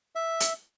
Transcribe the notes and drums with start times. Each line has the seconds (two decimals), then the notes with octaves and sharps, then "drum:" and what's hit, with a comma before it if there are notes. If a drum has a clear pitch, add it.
0.15 E5
0.40 drum: hi-hat